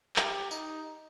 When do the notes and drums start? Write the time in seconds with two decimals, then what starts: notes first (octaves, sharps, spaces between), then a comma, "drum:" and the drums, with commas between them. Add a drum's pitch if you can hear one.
0.16 G4, drum: clap
0.51 D#4, drum: tambourine